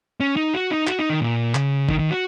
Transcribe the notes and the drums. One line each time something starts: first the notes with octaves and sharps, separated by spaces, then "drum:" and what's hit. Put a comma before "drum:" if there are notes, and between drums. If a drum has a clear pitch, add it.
C#4
D#4
F#4
D#4
F#4, drum: clap
D#4
D#3
A#2
C#3, drum: clap
D#3, drum: kick
D#3
F#4